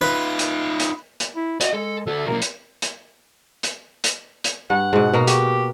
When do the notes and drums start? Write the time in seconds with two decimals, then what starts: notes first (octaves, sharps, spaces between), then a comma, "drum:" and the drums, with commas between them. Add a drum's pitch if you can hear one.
0.01 D#4 F4 B4
0.39 drum: hi-hat
0.80 drum: hi-hat
1.20 drum: hi-hat
1.36 E4
1.61 F#4 D5 D#5, drum: hi-hat
1.74 G#3 A4
2.06 D3 F#4 A4
2.27 B1 A#3 A#4
2.42 drum: hi-hat
2.82 drum: hi-hat
3.63 drum: hi-hat
4.04 drum: hi-hat
4.44 drum: hi-hat
4.70 G2 F#5
4.93 G#2 B2
5.13 B2 A#3 A#4
5.27 F#4 G4, drum: hi-hat